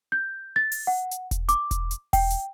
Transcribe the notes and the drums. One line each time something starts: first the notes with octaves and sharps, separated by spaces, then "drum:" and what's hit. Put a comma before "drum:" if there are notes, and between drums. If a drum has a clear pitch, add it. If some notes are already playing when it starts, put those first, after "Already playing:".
G6
A6
drum: open hi-hat
F#5
drum: hi-hat
drum: kick E1, hi-hat
D6, drum: hi-hat
drum: kick E1, hi-hat
drum: hi-hat
G5, drum: kick E1, open hi-hat
drum: hi-hat